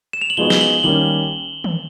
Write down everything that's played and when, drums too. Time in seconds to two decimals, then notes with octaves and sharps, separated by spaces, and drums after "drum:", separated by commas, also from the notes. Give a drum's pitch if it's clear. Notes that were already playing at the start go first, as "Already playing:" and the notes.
0.13 E7
0.21 F7
0.30 F#7
0.37 F3 G#3 B3 D#4 F#4 G7
0.50 G7, drum: snare
0.61 F#7
0.84 D#3 G3 A#3 C#4 F#7
1.64 drum: tom D#3